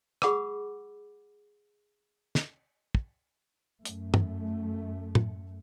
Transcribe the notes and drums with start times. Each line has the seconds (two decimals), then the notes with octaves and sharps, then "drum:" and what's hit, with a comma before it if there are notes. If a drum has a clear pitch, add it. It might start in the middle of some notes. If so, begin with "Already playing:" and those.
0.22 G#4 F#5 B5 D6 E6, drum: rim click
2.35 drum: snare
2.95 drum: kick
3.85 F#2 A3, drum: hi-hat
4.14 drum: tom
5.15 drum: tom